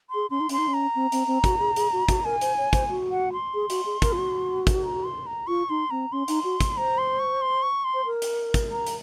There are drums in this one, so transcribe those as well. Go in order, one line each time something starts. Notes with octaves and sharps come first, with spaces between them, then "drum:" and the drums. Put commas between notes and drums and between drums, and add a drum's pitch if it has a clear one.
G#4 C6
C#4 C6
D#4
C#4 C6, drum: hi-hat
D#4
C#4
A#5
C4
C4, drum: hi-hat
C4
F#4, drum: kick, hi-hat
G#4
G#4, drum: hi-hat
F#4
F#4, drum: kick, hi-hat
A#4 G#5
C5, drum: hi-hat
C#5
C5, drum: kick, hi-hat
F#4
F#5
C6
G#4
F#4, drum: hi-hat
G#4
A#4, drum: kick, hi-hat
F4
F#4
drum: kick, hi-hat
A#5
C6
A#5
F4 C#6
D#4 C6
C4 A#5
C#4 C6
D#4, drum: hi-hat
F#4
drum: kick, hi-hat
C5 A#5
C6
C#6
C6
C#6
C6
C5
A#4
drum: hi-hat
drum: kick, hi-hat
A#5
drum: hi-hat